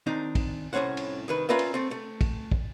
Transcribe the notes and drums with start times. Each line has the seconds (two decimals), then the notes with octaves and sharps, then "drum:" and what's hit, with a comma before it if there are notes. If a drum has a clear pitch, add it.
0.06 D#3 C4 D4 D#4
0.35 drum: kick, cymbal
0.73 C2 A2 D#3 C#4 C5 F#5
0.97 drum: cymbal
1.28 C2 D#3 B4
1.49 C#4 F4 A#4 B4 D5 E5
1.59 drum: cymbal
1.74 A3 C4
1.91 A3
2.21 drum: kick, cymbal
2.52 drum: kick